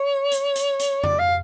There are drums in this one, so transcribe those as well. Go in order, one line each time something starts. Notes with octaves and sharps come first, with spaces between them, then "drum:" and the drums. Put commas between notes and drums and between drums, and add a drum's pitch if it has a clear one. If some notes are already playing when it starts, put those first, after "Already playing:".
Already playing: C#5
drum: hi-hat
drum: hi-hat
drum: hi-hat
D5, drum: tom F2
F5